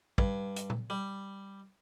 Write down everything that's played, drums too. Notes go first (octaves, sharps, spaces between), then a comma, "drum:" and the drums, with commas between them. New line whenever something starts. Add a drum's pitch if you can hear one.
G2, drum: kick
drum: hi-hat
drum: tom A#2
G3